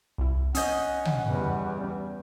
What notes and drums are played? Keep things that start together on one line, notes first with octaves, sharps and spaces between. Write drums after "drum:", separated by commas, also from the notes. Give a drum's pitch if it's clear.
C2 E4
C#4 D#5 F#5 D#6 G6, drum: hi-hat
drum: tom
E2 G3